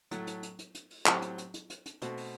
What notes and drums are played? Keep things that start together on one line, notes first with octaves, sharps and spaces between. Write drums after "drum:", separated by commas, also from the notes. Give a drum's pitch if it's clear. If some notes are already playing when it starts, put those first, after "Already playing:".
A2 F#3 A3, drum: hi-hat
drum: hi-hat
drum: hi-hat
drum: hi-hat
drum: hi-hat
drum: open hi-hat
A2 F#3 C4 G4, drum: clap
drum: hi-hat
drum: hi-hat
drum: hi-hat
drum: hi-hat
drum: hi-hat
B2 A3 C4 F#4, drum: hi-hat
drum: open hi-hat